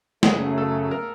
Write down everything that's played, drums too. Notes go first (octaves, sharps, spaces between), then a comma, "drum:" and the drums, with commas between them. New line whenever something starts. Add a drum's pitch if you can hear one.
F#2 C#3 F#3 A3 G#4, drum: snare
A4
A#4